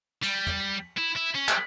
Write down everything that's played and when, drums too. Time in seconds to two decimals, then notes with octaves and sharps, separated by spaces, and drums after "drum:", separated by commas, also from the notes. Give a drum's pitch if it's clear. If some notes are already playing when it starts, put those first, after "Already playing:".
0.23 G3, drum: cymbal
0.47 drum: tom
0.97 E4
1.16 E4
1.35 C#4
1.49 G3, drum: clap